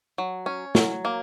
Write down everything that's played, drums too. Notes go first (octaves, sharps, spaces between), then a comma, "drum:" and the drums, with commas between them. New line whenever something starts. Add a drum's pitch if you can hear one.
F#3
C#4
F#3, drum: snare
A#3